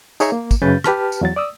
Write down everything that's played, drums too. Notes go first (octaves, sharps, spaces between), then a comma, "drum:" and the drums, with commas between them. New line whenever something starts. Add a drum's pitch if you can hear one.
D#4 G#4 C#5 E5 A#5, drum: tambourine
A#3
drum: kick, tambourine
F#2 C#3 C#4 B4 G6 A6
G4 B4 A5 F6, drum: rim click
drum: tambourine
E2 F#3 A6
D5 D#6 E6